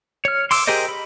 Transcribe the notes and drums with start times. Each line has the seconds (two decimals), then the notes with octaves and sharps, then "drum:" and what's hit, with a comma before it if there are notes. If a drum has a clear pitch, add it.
0.25 C#5 F6
0.51 C6 D6 E6, drum: open hi-hat
0.67 G4 G#4 A#4 C5 D#5
0.89 B5